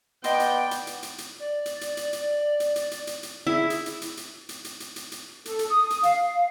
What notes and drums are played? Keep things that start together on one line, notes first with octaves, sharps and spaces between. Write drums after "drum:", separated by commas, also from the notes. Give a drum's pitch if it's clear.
B3 D5 D#5 G5 C6, drum: hi-hat
drum: hi-hat
drum: hi-hat
drum: hi-hat
drum: hi-hat
drum: hi-hat
D5
drum: hi-hat
drum: hi-hat
drum: hi-hat
drum: hi-hat
drum: hi-hat
drum: hi-hat
drum: hi-hat
drum: hi-hat
drum: hi-hat
E4 G#4
drum: hi-hat
drum: hi-hat
drum: hi-hat
drum: hi-hat
drum: hi-hat
drum: hi-hat
drum: hi-hat
drum: hi-hat
drum: hi-hat
A4, drum: hi-hat
drum: hi-hat
D#6
drum: hi-hat
F5, drum: hi-hat